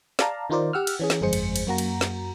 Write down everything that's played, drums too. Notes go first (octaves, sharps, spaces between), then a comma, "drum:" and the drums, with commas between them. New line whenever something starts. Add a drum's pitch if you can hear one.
D5 F5 A5 A#5, drum: snare
D#3 D#4 F4 A#4 C5 D5
G4 F#5 E6 F6
drum: cymbal
E3 C#4 G#4
drum: snare
G1 F2 G#3 G#4 C5 C#7
drum: cymbal
drum: cymbal
F#2 A#3 F#4 A#5
drum: cymbal
drum: snare